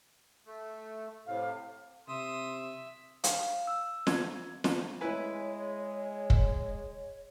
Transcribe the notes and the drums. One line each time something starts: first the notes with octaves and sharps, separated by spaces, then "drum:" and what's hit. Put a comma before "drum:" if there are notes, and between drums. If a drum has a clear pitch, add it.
A3
A2 C3 F5
C3 E5 C6 D#6
F5, drum: hi-hat
E6
G#6, drum: snare
drum: snare
G#3 E4 B4 C#5 G#5
drum: kick